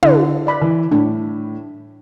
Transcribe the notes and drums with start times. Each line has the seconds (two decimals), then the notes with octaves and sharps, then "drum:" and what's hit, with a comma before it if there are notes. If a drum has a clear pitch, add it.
0.03 D3 E4, drum: tom
0.47 D5 B5
0.61 E3
0.92 A2 D4